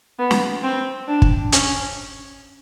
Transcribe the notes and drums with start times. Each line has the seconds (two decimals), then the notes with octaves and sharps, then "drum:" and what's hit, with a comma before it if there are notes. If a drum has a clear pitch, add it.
0.19 B3
0.31 drum: snare
0.64 C4
1.08 D4
1.22 drum: kick
1.52 C#4, drum: hi-hat